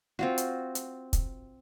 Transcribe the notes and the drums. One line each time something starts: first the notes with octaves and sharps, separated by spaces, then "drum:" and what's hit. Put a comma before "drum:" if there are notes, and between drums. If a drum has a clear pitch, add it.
C4 F4 F#4
drum: hi-hat
drum: hi-hat
drum: kick, hi-hat